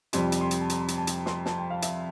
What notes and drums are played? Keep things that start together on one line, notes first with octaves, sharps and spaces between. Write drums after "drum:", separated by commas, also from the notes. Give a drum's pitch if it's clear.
F2 C3 G3 C6, drum: hi-hat
drum: hi-hat
C6
drum: hi-hat
A5
A#5, drum: hi-hat
drum: hi-hat
A5
drum: hi-hat
C6, drum: snare
A5, drum: snare
G5
F5
E5, drum: hi-hat